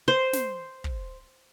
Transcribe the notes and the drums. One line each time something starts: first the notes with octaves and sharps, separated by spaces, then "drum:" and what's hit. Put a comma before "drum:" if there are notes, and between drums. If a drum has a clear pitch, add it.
C5
drum: snare
drum: kick